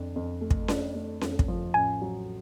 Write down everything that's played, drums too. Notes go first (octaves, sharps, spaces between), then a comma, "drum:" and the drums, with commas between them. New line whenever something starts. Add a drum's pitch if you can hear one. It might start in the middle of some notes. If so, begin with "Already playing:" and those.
Already playing: F2 D4
F2
A3
drum: kick
D4, drum: snare C#4
A3
F2, drum: snare C#4
drum: kick
F3
A1 G#5
F#3